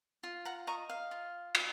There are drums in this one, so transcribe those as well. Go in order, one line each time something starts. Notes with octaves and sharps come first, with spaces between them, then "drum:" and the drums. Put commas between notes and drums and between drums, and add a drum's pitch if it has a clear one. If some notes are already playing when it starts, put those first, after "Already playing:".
F4
F#5 A#5
D#5 A#5 C#6
F5
F4
D#5, drum: cymbal